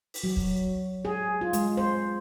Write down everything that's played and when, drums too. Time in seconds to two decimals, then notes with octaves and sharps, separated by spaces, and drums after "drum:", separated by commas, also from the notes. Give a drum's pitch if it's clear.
0.14 drum: open hi-hat
0.24 F#3
0.36 drum: kick
1.05 G#4
1.41 F4
1.53 G#3, drum: hi-hat
1.77 C5